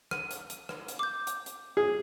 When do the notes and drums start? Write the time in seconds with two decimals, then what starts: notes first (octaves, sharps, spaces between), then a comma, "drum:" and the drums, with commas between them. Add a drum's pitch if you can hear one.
0.11 D#7, drum: rim click
0.31 drum: hi-hat
0.50 drum: hi-hat
0.69 drum: rim click
0.88 drum: hi-hat
0.99 D6 G6
1.27 drum: hi-hat
1.46 drum: hi-hat
1.77 G#4